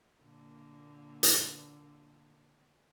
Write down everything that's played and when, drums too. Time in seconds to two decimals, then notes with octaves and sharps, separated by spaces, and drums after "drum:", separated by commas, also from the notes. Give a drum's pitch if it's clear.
0.20 A#2 D3 A#3
1.23 drum: hi-hat